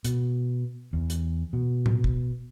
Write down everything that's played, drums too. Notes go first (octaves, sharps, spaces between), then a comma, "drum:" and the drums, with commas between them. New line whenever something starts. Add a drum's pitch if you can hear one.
B2, drum: hi-hat
E2
drum: hi-hat
B2
drum: tom A2
drum: kick